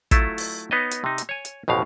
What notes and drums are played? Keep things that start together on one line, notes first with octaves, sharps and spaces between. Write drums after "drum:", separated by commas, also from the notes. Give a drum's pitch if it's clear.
F#3 A3 E4 F4 A4, drum: kick, hi-hat
drum: open hi-hat
B3 D#4 C#5 D#5
drum: hi-hat
C3 D#4
drum: hi-hat
C#5 G#5
drum: hi-hat
A1 F2 B2 F5